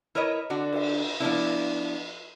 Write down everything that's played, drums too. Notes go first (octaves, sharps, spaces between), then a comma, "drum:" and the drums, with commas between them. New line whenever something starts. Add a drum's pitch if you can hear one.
E4 A#4 B4 C#5 D#5
D3 D4 F#4
drum: cymbal
F3 B3 D4 E4